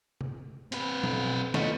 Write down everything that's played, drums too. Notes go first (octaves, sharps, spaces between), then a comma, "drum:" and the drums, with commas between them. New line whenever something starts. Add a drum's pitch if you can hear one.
drum: tom C3
C4 B4, drum: hi-hat
B1, drum: tom F3
A3 B3 F4 D#5 F5, drum: snare